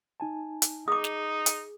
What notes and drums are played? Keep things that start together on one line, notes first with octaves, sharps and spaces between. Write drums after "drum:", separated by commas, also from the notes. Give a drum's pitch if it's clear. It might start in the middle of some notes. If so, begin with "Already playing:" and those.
D#4 G#5 A5
drum: hi-hat
D#4 G#4 D6 D#6
drum: snare
drum: hi-hat